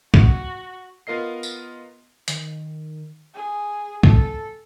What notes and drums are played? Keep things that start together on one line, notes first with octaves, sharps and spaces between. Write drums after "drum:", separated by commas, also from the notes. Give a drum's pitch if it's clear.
F#4, drum: kick B1
B3 F4 A#4 D#5 C7
drum: tambourine
D#3, drum: hi-hat
G#4
A4, drum: kick B1